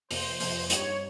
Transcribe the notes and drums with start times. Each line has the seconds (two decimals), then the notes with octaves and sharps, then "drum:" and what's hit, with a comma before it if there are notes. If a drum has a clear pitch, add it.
0.11 F2 C3 F3 A#3 C5, drum: open hi-hat
0.40 F2 C3 F3 A#3, drum: open hi-hat
0.70 G2 G3 C4 D#4 G4 C#5, drum: hi-hat